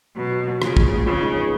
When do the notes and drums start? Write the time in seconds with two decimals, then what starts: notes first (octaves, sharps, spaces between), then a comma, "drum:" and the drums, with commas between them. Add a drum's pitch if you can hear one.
0.17 B2 F#3
0.31 F#3
0.47 F#3
0.62 C#3 F3, drum: rim click
0.77 G#2, drum: kick
0.91 A#1
1.06 C#3 F3
1.21 D#4
1.36 B3